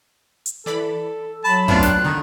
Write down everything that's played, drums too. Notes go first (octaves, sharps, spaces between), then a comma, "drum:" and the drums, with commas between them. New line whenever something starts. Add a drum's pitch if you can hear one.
drum: hi-hat
E3 A4 D5 B5
F#3 A5 B5
A3 B3 C4 D4 F4, drum: kick
G5 F#6, drum: snare
D3 D#3